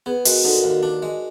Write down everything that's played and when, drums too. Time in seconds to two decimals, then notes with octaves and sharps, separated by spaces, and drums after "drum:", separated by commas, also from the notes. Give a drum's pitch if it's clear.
0.06 B3 G#4 B4
0.25 G#3 F#4 A#4, drum: open hi-hat
0.44 D3 D#4 F#4
0.58 F#4 A#4
0.64 D#2
0.71 F#4 A#4
0.83 D4
1.02 G#3